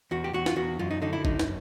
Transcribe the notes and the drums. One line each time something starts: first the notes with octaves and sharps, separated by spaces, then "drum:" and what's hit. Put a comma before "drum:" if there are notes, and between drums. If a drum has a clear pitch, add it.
E2 F#4
G4
E2 F#4
F4, drum: snare
E2 F#4
F#2 F4
D#4
D3 D#4
E4
F#2 D#4, drum: kick
drum: snare